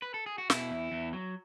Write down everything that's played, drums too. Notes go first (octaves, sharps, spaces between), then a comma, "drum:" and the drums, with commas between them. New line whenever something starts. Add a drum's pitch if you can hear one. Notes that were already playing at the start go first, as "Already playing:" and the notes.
B4
A4
G#4
F#4
B2 E4, drum: snare
E2
E2
F#3